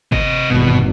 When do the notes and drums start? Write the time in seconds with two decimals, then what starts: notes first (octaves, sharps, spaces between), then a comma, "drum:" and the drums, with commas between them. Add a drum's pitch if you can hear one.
0.12 C3 D#5, drum: kick G1
0.50 G#1 E2 G2 B2